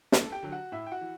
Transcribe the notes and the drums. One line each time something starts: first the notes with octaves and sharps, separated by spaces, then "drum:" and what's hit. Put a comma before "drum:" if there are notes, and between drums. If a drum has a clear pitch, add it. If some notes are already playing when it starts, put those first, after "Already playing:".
E2 A4 A5, drum: snare
G4 G5
D3 F#3
F#4 F#5
A2 E4 E5
G5
F#4 F#5
E3